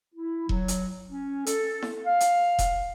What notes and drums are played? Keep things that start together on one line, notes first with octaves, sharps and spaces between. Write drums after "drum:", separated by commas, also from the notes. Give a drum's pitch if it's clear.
E4
F#3, drum: kick E1
drum: hi-hat
C#4
A4, drum: hi-hat
drum: snare E4
F5
drum: hi-hat
drum: kick E1, hi-hat